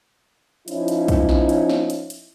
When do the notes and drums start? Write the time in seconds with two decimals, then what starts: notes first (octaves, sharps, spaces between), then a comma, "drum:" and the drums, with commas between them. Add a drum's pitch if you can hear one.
0.68 F3 C#4 D#4 E4, drum: hi-hat
0.88 drum: hi-hat
1.08 drum: kick, hi-hat
1.29 drum: snare
1.49 drum: hi-hat
1.69 drum: snare
1.90 drum: hi-hat
2.10 drum: hi-hat